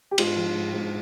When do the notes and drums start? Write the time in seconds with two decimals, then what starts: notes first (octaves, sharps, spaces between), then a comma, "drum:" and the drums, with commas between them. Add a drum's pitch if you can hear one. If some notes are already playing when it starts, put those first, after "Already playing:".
0.11 G4
0.18 G#2 F4, drum: cymbal
0.36 F3
0.55 G#2
0.73 G#2